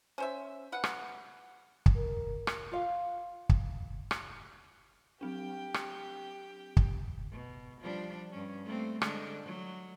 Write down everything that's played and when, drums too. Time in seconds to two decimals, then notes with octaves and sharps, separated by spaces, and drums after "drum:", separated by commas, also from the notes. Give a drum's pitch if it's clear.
0.18 C#4 C5 E5
0.72 B4 F#5
0.84 drum: rim click
1.86 drum: kick
1.96 A#4
2.47 drum: rim click
2.72 F4 F5
3.49 drum: kick
4.11 drum: rim click
5.21 F#3 C4 D4 G4 G5
5.74 drum: rim click
6.77 drum: kick
7.32 B2
7.81 F3 G3 D4
8.31 G2 C#4
8.65 A3 A#3 C4
9.02 D3 G#3 D4, drum: rim click
9.44 F#3